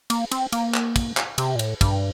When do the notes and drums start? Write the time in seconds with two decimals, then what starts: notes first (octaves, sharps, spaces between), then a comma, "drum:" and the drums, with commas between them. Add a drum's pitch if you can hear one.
0.10 A#3, drum: cymbal
0.31 C4, drum: cymbal
0.52 A#3, drum: cymbal
0.74 drum: clap
0.96 drum: kick, cymbal
1.17 drum: clap
1.38 C3, drum: cymbal
1.55 A#2
1.59 A2, drum: cymbal
1.81 G2, drum: kick, cymbal